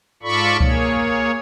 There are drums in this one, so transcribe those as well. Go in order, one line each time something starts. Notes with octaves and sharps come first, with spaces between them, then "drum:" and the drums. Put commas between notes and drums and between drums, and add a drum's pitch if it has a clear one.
G#2 F4 A4 D5 B5 C#6
A#3 G#4 C#5, drum: kick C#2